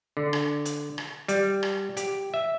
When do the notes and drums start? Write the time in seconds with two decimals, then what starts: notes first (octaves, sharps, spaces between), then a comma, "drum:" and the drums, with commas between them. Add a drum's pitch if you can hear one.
0.17 D3
0.33 drum: rim click
0.65 drum: hi-hat
0.98 drum: rim click
1.28 G3, drum: hi-hat
1.63 drum: rim click
1.97 G4, drum: hi-hat
2.34 E5